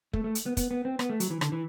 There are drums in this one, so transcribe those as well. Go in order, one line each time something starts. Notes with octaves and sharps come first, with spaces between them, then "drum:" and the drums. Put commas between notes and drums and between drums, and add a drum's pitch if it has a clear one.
A3, drum: kick
A3
drum: hi-hat
B3
B3, drum: kick, hi-hat
B3
C4
B3, drum: rim click
A3
F#3, drum: hi-hat
E3
D3, drum: rim click
E3